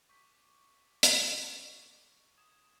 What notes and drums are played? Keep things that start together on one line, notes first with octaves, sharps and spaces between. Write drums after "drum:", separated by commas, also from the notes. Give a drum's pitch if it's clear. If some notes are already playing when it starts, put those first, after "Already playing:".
C#6 D6 G6 B6
drum: hi-hat
D#6 G#6 E7